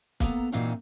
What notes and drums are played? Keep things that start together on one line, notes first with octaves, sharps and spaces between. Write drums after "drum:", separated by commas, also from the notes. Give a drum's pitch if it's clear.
A#3 B3 A4 A#5, drum: kick, hi-hat
A#2 E3 C4 D#4 F4 F#4